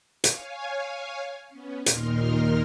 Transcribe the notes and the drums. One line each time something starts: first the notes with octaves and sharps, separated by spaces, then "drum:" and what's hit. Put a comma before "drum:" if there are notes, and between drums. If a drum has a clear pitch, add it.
C#5 F5 G#5, drum: hi-hat
B3 C#4
D#2 A#2 D#4 A#4 C6 F6, drum: hi-hat